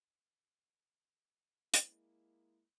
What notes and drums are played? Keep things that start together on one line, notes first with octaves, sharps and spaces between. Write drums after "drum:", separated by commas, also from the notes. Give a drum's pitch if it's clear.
G#3 A#3 E4, drum: hi-hat